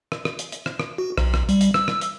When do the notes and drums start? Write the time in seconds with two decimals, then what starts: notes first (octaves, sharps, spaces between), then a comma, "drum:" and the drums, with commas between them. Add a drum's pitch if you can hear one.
0.12 drum: rim click
0.25 drum: rim click
0.39 drum: hi-hat
0.52 drum: hi-hat
0.66 drum: rim click
0.80 drum: rim click
0.98 F#4
1.18 B1, drum: rim click
1.34 drum: rim click
1.49 G3, drum: hi-hat
1.61 drum: hi-hat
1.74 E6, drum: rim click
1.88 drum: rim click
2.01 drum: hi-hat